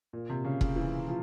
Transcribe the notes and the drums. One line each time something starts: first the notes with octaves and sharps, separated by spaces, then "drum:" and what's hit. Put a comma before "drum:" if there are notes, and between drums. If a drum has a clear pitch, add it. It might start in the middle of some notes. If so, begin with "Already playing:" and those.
A#2
C3
C#3
C#3, drum: kick E1
E3
F3